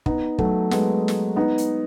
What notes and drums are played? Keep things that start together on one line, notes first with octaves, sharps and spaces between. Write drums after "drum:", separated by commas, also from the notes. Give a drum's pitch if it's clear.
B3 D#4, drum: kick
F#3 A3, drum: kick
G#3 B3, drum: snare
drum: snare
B3 D#4
drum: hi-hat